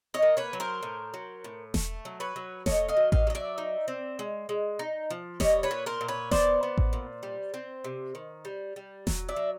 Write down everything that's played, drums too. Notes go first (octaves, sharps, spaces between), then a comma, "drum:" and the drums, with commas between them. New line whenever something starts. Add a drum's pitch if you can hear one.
C#5 D#5
A#3
B4 C#5
F#3
A#4 C5
A2
F#3
A2
A3, drum: snare E1
F#3
B4 C#5
F#3
A3 C#5 D#5, drum: snare E1
D#5 F5
F#3
D#5 F5, drum: kick A1
F#3 D#5
D5 E5
D#4
C4
G#3
G#3
D#4
F3
G3 C#5 D#5, drum: snare E1
B4 C#5
A#2
A#4 C5
A#2
B4 C#5
B3 C5 D5, drum: snare E1
B3
drum: kick A1
A#2
G3
C4
C3
D#3
G3
G3
F#3, drum: snare E1
D5 E5
F#3